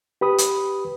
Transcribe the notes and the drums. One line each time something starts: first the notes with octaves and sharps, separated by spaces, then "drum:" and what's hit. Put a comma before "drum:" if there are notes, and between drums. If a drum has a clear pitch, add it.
G4 B4 B5 D#6
drum: hi-hat